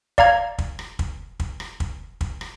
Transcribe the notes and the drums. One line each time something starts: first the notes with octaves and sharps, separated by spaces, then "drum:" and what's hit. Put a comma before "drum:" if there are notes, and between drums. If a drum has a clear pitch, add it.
D5 F5 A#5 G#6, drum: kick
drum: kick
drum: rim click
drum: kick
drum: kick
drum: rim click
drum: kick
drum: kick
drum: rim click